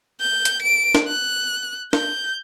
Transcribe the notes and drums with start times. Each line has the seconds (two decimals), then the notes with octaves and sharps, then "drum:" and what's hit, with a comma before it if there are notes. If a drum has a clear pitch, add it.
0.20 G6
0.45 drum: hi-hat
0.63 D7
0.95 drum: snare
1.08 F#6
1.93 G6, drum: snare